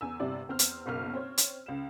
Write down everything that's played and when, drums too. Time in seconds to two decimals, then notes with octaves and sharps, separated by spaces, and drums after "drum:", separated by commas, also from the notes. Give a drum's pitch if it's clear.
0.01 E2 G#5 E6
0.20 G1 C3 G3 E4 D5
0.49 E2 C4 C5 F6
0.59 drum: hi-hat
0.86 F#1 B1 A#3 F6
1.14 C4 C5 C#5
1.38 drum: hi-hat
1.66 C#2 E7